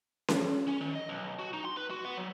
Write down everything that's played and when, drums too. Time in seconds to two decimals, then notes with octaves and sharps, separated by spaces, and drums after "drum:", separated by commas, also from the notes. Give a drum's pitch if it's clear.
0.28 drum: snare C#4
0.68 C#4
0.81 D#3
0.95 D#5
1.09 B1
1.39 F#4
1.53 D#4
1.65 C6
1.77 B4
1.91 F#4
2.05 B3
2.18 F#3